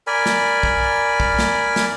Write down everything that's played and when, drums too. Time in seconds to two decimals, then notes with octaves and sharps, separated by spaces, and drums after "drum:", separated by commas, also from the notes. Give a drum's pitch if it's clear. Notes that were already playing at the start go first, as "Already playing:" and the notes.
0.07 A#4 D5 G#5 B5
0.26 drum: snare
0.63 drum: kick
1.20 drum: kick
1.39 drum: snare
1.76 drum: snare